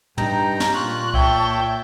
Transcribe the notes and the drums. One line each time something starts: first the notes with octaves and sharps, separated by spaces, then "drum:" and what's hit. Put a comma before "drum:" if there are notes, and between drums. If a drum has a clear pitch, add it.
G2 D#4 G5 A#5, drum: tom
drum: snare
A#2 F4 C#6 F#6
C#5 E5 G5 A5, drum: kick C2